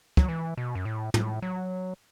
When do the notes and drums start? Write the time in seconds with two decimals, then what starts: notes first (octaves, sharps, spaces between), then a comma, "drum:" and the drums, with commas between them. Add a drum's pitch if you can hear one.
0.17 F#3, drum: kick
0.28 E3
0.57 B2
0.75 F#2
0.85 A2
1.14 A2, drum: tom
1.42 F#3